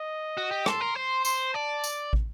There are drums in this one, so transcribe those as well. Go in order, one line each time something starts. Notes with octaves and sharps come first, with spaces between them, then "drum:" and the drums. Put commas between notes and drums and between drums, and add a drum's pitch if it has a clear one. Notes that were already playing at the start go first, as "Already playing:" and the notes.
Already playing: D#5
F#4
G4
A4 C6, drum: rim click
A#4
C5 C6
C6, drum: tambourine
D5 A5
drum: tambourine
drum: kick